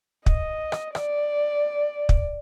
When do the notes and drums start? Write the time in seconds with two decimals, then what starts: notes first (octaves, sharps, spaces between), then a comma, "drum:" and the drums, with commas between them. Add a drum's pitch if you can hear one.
0.26 D#5, drum: kick
0.72 drum: rim click
0.95 D5, drum: rim click
2.09 drum: kick